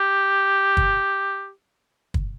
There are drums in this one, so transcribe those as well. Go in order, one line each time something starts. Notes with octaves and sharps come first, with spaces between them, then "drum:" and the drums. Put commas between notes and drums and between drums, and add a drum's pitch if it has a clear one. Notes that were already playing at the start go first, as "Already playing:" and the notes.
Already playing: G4
drum: kick
drum: kick